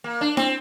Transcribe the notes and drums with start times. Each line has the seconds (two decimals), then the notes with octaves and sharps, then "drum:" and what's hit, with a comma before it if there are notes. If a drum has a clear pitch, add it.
0.04 A#3
0.21 D4
0.37 C4, drum: snare E4